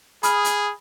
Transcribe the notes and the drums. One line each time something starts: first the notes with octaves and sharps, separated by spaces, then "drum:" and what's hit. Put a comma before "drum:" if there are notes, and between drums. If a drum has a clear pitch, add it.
G#4 B5 D#6 F6, drum: hi-hat
drum: hi-hat